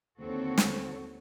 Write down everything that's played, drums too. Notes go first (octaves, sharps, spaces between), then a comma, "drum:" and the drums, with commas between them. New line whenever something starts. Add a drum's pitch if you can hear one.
D#2 D3 C4 F#4 A4 C#5
drum: snare